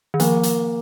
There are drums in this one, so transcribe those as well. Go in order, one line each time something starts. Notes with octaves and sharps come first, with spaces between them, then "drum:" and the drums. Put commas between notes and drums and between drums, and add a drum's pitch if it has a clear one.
D#3
F3 A#3, drum: hi-hat
drum: hi-hat